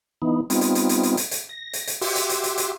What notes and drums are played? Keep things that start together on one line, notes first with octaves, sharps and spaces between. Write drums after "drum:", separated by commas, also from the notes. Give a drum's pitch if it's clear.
E3 B3 D#4
G3 B3 C4 D#4 F4, drum: hi-hat
drum: hi-hat
drum: hi-hat
drum: hi-hat
drum: hi-hat
drum: hi-hat
drum: hi-hat
A#6
drum: hi-hat
drum: hi-hat
F#4 G4 E5 C6 D6, drum: open hi-hat
drum: hi-hat
drum: hi-hat
drum: hi-hat
drum: hi-hat